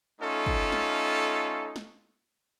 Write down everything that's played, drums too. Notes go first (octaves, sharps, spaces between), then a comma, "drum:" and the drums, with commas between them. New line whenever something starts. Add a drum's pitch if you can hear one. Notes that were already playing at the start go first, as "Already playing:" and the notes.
A3 C#4 D#4 F4 A4
drum: kick
drum: snare
drum: snare